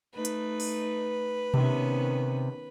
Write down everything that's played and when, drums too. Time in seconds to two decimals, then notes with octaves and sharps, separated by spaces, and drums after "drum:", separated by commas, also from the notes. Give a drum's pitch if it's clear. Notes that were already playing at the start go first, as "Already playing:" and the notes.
0.14 A3 D#4 B4
0.25 drum: hi-hat
0.60 drum: open hi-hat
1.54 C3 D#3 B3 C#4, drum: tom B2